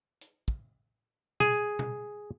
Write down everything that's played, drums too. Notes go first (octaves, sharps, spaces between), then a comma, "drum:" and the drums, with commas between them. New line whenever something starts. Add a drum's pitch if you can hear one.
drum: hi-hat
drum: kick
G#4, drum: tom B2
drum: tom B2